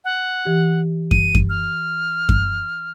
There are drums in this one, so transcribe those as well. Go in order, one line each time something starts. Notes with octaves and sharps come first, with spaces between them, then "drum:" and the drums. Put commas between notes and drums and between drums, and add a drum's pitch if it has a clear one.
F#5
E3 G4
D#7, drum: kick F#2
drum: kick F#2
F6
drum: kick F#2